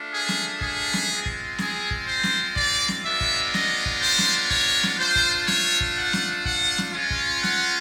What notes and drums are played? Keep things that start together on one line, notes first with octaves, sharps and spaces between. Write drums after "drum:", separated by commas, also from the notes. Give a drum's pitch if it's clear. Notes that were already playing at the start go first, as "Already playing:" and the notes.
Already playing: A3 D4 F4
G#4
drum: snare
G#4, drum: kick
drum: snare
G#3 C4 F4
drum: kick
G#4, drum: snare
drum: kick
C5
drum: snare
D5, drum: kick
drum: snare
G#3 B3 D4 F4 E5
drum: kick
D#5, drum: snare
drum: kick
C5
drum: snare
C#5, drum: kick
drum: snare
A3 D4 F4 C5
drum: kick
C#5, drum: snare
drum: kick
F#5
drum: snare
F#5, drum: kick
drum: snare
G#3 C#4 F4
drum: kick
F#5, drum: snare